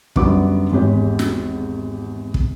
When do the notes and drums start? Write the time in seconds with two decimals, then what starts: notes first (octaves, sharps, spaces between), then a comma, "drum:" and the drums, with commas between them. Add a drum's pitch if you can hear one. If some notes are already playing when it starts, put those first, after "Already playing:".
0.16 F#2 D3 G3 B3 F#4 D6, drum: kick
0.71 G#1 E2 G#3 G4 C#5
1.19 drum: snare
2.34 drum: kick